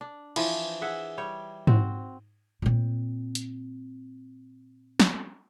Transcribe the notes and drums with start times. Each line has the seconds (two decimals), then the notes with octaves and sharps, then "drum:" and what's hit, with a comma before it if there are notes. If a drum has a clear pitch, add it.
0.01 D4
0.36 E3 F3, drum: cymbal
0.81 G#4 E5 F#5
1.18 G3 C#5 G5
1.67 C4 F#4, drum: tom G#2
2.62 A#2 C4
3.35 drum: hi-hat
5.00 drum: snare